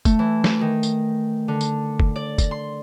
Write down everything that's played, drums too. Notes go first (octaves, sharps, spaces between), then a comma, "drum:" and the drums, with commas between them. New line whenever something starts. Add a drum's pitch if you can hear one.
A3, drum: kick, tambourine
E3
drum: snare
D#3
drum: tambourine
D3
drum: tambourine
drum: kick
D5
drum: kick, tambourine
C6